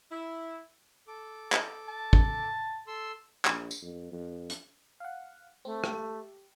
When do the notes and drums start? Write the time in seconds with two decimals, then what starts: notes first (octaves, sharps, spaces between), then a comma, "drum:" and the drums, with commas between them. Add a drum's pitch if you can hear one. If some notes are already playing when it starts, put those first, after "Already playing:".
0.11 E4
1.08 A4 D6
1.52 drum: clap
1.88 A5
2.13 drum: kick
2.87 A4 C6 E6
3.45 A#1, drum: clap
3.71 drum: tambourine
3.82 F2
4.12 F2
4.50 drum: hi-hat
5.00 F5 F#5
5.65 A3 C4
5.84 G4, drum: rim click